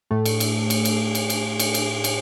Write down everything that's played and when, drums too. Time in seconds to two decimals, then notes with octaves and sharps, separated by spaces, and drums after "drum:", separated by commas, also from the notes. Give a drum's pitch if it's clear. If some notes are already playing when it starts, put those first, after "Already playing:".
0.11 A2 A3
0.25 drum: cymbal
0.40 drum: cymbal
0.70 drum: cymbal
0.85 drum: cymbal
1.15 drum: cymbal
1.30 drum: cymbal
1.59 drum: cymbal
1.74 drum: cymbal
2.04 drum: cymbal